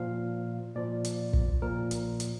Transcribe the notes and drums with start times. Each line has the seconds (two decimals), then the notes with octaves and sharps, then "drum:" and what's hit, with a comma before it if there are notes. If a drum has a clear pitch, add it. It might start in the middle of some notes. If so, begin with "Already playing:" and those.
Already playing: A#2 F3 F5
0.76 A#2 F3 D5
1.04 drum: hi-hat
1.33 drum: kick
1.62 A#2 F3 A#4
1.91 drum: hi-hat
2.20 drum: hi-hat